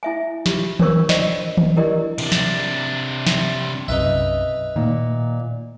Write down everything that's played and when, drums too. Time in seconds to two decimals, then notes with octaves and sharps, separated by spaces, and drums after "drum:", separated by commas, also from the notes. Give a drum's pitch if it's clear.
0.03 E4 E5 G#5
0.46 F4 G4, drum: snare
0.79 D4 A#4 C5 C#5 C#6 E6, drum: tom D#3
1.09 F4 C5 D5 D#5, drum: snare
1.57 drum: tom D#3
1.77 D4 E4 G4 A#4 D5 D#5
2.18 C3 D4, drum: cymbal
2.32 drum: snare
3.27 drum: snare
3.88 B1 F#2 C3 D#4 B4 E5
4.76 A#2 D#3